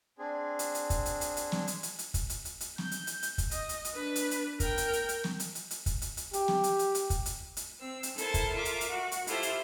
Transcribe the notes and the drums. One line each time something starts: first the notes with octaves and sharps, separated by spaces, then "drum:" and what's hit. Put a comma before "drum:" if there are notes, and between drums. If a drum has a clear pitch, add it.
C4 D4 G#4
drum: hi-hat
drum: hi-hat
drum: kick, hi-hat
drum: hi-hat
drum: hi-hat
drum: hi-hat
drum: snare
drum: hi-hat
drum: hi-hat
drum: hi-hat
drum: kick, hi-hat
drum: hi-hat
drum: hi-hat
drum: hi-hat
G6, drum: snare
drum: hi-hat
drum: hi-hat
drum: hi-hat
drum: kick, hi-hat
D#5, drum: hi-hat
drum: hi-hat
drum: hi-hat
D4 B4
drum: hi-hat
drum: hi-hat
A#4 G5, drum: kick, hi-hat
drum: hi-hat
drum: hi-hat
drum: hi-hat
drum: snare
drum: hi-hat
drum: hi-hat
drum: hi-hat
drum: kick, hi-hat
drum: hi-hat
drum: hi-hat
G4, drum: hi-hat
drum: snare
drum: hi-hat
drum: hi-hat
drum: hi-hat
drum: kick, hi-hat
drum: hi-hat
drum: hi-hat
C4 E6
drum: hi-hat
E4 A4 A#4 C5 A5, drum: hi-hat
drum: kick, hi-hat
F4 A#4 E5 D6
drum: hi-hat
drum: hi-hat
F#4
drum: hi-hat
E4 F4 G4 A4 C5 E5, drum: hi-hat
drum: hi-hat